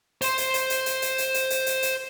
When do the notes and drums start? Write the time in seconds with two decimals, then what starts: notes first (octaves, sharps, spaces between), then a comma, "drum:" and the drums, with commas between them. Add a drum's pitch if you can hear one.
0.22 C5 C6, drum: hi-hat
0.38 drum: hi-hat
0.54 drum: hi-hat
0.70 drum: hi-hat
0.86 drum: hi-hat
1.02 drum: hi-hat
1.18 drum: hi-hat
1.34 drum: hi-hat
1.50 drum: hi-hat
1.66 drum: hi-hat
1.83 drum: hi-hat